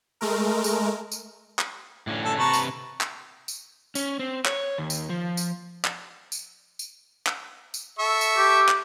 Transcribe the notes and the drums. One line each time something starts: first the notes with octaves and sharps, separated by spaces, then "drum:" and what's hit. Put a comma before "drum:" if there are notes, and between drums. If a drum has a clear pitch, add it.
G#3 A3 A#4
drum: tambourine
drum: tambourine
drum: clap
A2 D3 C#4
A4
C3 B4 A5 A#5 C#6
drum: tambourine
drum: clap
drum: tambourine
C#4, drum: tambourine
C4
C#5, drum: clap
D#2
drum: tambourine
F3
drum: tambourine
drum: clap
drum: tambourine
drum: tambourine
drum: clap
drum: tambourine
A4 E5 C#6
drum: tambourine
G4
drum: clap